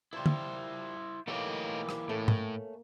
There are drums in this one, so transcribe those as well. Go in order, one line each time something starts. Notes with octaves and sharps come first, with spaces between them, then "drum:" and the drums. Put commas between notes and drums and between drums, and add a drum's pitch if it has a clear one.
F3 G3 E4 C5
drum: tom
E3 A3 A#3 D#4 G4 A4 C#5 F5
drum: rim click
A2 A3 C#4
drum: tom